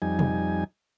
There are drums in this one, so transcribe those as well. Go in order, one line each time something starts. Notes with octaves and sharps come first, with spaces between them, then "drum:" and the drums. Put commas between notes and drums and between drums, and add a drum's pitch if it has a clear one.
F2 G3 D#4 G#5
drum: tom B2